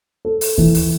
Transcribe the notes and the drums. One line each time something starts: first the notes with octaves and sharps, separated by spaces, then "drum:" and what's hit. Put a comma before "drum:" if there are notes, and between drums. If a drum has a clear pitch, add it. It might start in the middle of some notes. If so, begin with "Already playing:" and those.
A4
drum: open hi-hat
E3, drum: kick D#2
drum: open hi-hat